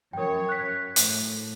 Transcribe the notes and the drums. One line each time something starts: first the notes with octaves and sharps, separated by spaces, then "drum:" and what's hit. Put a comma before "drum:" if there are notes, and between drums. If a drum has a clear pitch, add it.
F#2 A#4 C#5 G5
F#6 B6
A2, drum: hi-hat